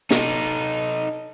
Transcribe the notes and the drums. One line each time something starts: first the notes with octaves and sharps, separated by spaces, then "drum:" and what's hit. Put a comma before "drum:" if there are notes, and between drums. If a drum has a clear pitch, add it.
D#4 A4, drum: snare